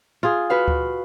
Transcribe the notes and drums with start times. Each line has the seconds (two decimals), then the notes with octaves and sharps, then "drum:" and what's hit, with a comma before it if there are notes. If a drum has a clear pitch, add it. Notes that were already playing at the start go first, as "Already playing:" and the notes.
0.23 F4 G#4
0.50 F#4 B4 F5
0.68 drum: kick D2